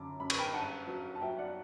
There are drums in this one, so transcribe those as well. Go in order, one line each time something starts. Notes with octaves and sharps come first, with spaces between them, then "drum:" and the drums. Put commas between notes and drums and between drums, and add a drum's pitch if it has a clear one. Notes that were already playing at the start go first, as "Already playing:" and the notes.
Already playing: F#2 D3 B5 D6
F#2 B5
C#6, drum: cymbal
G5 B5
G2 F#5 A5
F#3
A5
F#3 E5 G5
D5 F#5